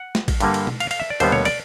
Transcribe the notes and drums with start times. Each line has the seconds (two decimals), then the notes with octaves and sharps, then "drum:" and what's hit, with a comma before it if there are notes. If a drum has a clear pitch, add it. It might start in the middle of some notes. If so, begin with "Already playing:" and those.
Already playing: F#5
0.15 drum: snare
0.28 drum: kick A1, cymbal
0.40 G2 D3 G3 A#3, drum: cymbal
0.54 drum: cymbal
0.67 drum: tom B2
0.80 F5, drum: cymbal
0.91 F5, drum: cymbal
1.00 E5
1.10 D5
1.20 D#2 D3 G3 B3 C5, drum: cymbal
1.32 C#5, drum: tom B2
1.45 D5, drum: cymbal